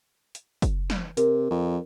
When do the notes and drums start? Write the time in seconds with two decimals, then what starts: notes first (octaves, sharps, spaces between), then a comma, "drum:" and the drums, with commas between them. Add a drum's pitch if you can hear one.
0.35 drum: hi-hat
0.62 drum: kick, hi-hat
0.90 drum: snare
1.17 C3 A#4, drum: hi-hat
1.51 F2